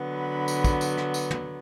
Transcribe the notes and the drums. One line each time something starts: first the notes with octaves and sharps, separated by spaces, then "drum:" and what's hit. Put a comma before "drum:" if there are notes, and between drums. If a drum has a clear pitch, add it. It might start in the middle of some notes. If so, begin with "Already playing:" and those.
Already playing: D3 F#3 B3
B5
drum: tambourine
drum: kick, tambourine
drum: tambourine
drum: rim click
drum: tambourine
drum: tom